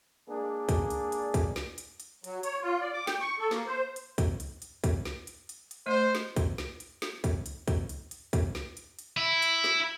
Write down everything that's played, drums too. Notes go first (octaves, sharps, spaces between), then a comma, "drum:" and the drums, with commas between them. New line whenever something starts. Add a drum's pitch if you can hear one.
G#3 A#3 D4 G#4
drum: kick, hi-hat
drum: hi-hat
drum: hi-hat
drum: kick, hi-hat
drum: snare
drum: hi-hat
drum: hi-hat
F#3, drum: hi-hat
C#5, drum: hi-hat
F4
D5
D6
G5, drum: snare
C#6
A4
A#3, drum: snare
C5
drum: hi-hat
drum: kick, hi-hat
drum: hi-hat
drum: hi-hat
drum: kick, hi-hat
drum: snare
drum: hi-hat
drum: hi-hat
drum: hi-hat
A3 C5 D#5
drum: snare
drum: kick, hi-hat
drum: snare
drum: hi-hat
drum: snare
drum: kick, hi-hat
drum: hi-hat
drum: kick, hi-hat
drum: hi-hat
drum: hi-hat
drum: kick, hi-hat
drum: snare
drum: hi-hat
drum: hi-hat
E4
drum: hi-hat
drum: snare